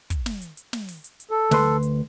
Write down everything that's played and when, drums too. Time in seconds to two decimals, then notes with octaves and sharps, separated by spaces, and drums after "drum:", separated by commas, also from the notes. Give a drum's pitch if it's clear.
0.10 drum: kick, hi-hat
0.26 drum: snare
0.42 drum: hi-hat
0.57 drum: hi-hat
0.73 drum: snare
0.89 drum: open hi-hat
1.04 drum: hi-hat
1.20 drum: hi-hat
1.31 A4
1.51 D2 B4 C6, drum: snare
1.83 drum: hi-hat